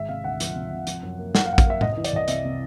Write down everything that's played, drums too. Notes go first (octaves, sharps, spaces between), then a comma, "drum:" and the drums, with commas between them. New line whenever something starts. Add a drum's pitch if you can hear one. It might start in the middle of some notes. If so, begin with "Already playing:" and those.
Already playing: G#1 G#3 E5
C3 F5
D2 F#5
F3, drum: hi-hat
C3
C3
F3, drum: hi-hat
F#2
A#3
F#2 F#5, drum: snare
F5
F#2 F#5
F5, drum: kick, hi-hat
A#3 E5
C2 D#5, drum: tom A2
D#5
E3
D5, drum: hi-hat
C2 D#5
C3 E5, drum: hi-hat
C3